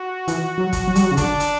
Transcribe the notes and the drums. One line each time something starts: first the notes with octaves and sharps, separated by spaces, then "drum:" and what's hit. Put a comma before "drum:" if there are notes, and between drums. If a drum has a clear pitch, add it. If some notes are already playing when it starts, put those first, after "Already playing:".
Already playing: F#4
E3, drum: hi-hat
F#3
drum: kick, hi-hat
F#3
G3, drum: hi-hat
F#3
C#3
D3 D4, drum: kick, hi-hat
drum: hi-hat